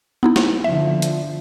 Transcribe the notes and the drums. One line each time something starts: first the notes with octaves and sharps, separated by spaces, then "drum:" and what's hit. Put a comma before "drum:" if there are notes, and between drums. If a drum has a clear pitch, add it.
B3 D#4 E4
drum: snare
D3 F3 E5
drum: hi-hat